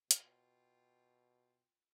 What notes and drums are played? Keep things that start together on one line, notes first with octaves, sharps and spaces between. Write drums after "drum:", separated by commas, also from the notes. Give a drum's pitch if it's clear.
B2 F4 G5, drum: hi-hat